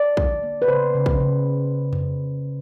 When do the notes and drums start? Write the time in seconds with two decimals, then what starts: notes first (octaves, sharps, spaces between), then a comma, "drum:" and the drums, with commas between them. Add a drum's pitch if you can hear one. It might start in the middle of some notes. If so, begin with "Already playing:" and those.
Already playing: D5
0.17 D3, drum: kick
0.43 A#3
0.62 B4
0.68 C#3 C5
0.95 C#3
1.06 drum: kick
1.20 C#3
1.93 drum: tom F2